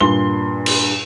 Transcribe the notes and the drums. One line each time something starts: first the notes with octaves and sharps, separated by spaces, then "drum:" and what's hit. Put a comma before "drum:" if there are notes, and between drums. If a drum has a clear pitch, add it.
G2 A#2 C6 G7
drum: cymbal